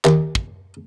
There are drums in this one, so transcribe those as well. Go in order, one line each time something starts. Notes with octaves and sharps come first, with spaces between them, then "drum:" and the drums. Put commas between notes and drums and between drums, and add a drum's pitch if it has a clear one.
D#2, drum: clap
drum: kick